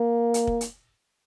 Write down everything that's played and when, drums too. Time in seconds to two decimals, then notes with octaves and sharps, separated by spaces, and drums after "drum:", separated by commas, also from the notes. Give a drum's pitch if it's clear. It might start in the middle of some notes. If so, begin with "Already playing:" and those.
Already playing: A#3
0.34 drum: hi-hat
0.47 drum: kick
0.61 drum: hi-hat